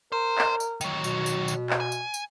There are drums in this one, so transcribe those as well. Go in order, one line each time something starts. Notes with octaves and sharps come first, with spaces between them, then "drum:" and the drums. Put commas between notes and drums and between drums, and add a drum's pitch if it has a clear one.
A#4 C5
drum: clap
drum: tambourine
D#3 F#3, drum: tambourine
B2, drum: tambourine
drum: tambourine
drum: tambourine
drum: clap
G#5
drum: tambourine
drum: tambourine